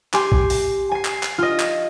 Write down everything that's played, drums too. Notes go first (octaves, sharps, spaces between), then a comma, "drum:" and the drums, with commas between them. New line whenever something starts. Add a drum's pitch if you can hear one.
G4 G#5 C6, drum: clap
drum: kick B1
drum: open hi-hat
G#5 C7
drum: clap
drum: clap
F4 D#5
drum: clap